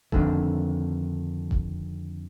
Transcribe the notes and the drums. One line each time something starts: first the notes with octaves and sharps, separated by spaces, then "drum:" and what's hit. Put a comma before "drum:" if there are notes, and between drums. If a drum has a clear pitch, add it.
F2 G#2 D3 D#3 A3, drum: kick E1
drum: kick E1